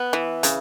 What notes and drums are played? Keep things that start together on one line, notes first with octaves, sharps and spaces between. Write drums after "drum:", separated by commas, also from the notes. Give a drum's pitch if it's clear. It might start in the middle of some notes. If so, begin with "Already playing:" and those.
Already playing: B3
E3
C#3, drum: hi-hat